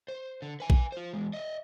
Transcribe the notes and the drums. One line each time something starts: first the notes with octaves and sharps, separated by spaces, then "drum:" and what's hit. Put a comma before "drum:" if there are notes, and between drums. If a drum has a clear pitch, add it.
C5
D3
B4 G#5
drum: kick A#1
F4 C5
E2 G#3
D#5 E5